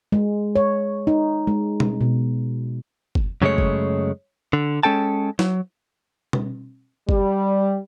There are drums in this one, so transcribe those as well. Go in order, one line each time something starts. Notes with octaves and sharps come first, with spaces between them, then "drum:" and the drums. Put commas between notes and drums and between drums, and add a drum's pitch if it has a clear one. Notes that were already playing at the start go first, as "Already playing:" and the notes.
G#3
C#5
D#4
G#3
drum: tom
B2
drum: kick
F#2 C#3 F#3 G#3 A3 C#5
drum: kick
D3
G#3 C#4 A4 G5 A5
F#3, drum: snare
drum: tom
G3, drum: kick